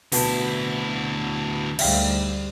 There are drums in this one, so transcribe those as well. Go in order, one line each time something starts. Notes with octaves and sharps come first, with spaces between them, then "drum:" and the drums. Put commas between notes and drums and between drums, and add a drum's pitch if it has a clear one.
D2 B2 B3 E4 A5, drum: open hi-hat
D2 G#2 G3 E5 F5 G5, drum: cymbal